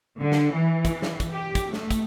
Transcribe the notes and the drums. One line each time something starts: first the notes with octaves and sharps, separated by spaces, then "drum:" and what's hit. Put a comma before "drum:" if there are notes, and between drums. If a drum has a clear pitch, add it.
D3
drum: snare
E3
drum: kick, hi-hat
drum: snare
drum: kick, hi-hat
G4
drum: kick, hi-hat
A3, drum: snare
drum: kick, hi-hat